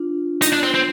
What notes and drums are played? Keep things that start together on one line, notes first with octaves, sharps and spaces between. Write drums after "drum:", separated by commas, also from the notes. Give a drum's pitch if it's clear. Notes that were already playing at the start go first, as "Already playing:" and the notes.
Already playing: D4 F4
D#4, drum: hi-hat
D4
C4
C4